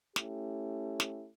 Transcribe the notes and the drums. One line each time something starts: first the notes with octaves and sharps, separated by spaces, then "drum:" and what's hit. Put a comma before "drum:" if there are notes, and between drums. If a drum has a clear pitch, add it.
A3 C#4 E4 G4, drum: snare
drum: snare